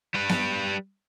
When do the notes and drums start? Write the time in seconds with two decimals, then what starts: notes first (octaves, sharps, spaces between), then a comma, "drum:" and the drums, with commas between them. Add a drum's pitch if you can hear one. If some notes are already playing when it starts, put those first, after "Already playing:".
0.14 G3 B4
0.29 drum: snare B3